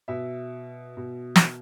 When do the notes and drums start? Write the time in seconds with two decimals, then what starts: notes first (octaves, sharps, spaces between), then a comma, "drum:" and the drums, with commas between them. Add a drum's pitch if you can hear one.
0.08 B2 E5
0.97 B2
1.36 drum: snare